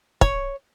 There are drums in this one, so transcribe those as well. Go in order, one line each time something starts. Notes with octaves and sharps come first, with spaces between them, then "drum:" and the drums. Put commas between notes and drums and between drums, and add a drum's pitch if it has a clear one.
C#5, drum: kick